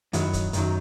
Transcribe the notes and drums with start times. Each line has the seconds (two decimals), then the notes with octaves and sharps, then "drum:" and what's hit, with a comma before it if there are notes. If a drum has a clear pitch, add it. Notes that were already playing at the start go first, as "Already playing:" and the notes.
0.13 F#2 D#3 F#3 E4, drum: hi-hat
0.33 drum: kick C#1, hi-hat
0.53 F#2 D#3 F#3, drum: hi-hat